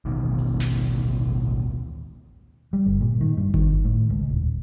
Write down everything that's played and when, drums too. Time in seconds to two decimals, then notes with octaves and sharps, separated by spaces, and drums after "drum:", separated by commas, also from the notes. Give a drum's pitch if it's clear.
0.05 D1 A1 B2 D#3
0.39 drum: open hi-hat
0.60 drum: snare
2.73 G3
2.86 G1
3.01 A#2
3.21 D#3
3.37 G2
3.54 D#3, drum: kick G1
3.85 A2
4.10 C#2
4.28 D#1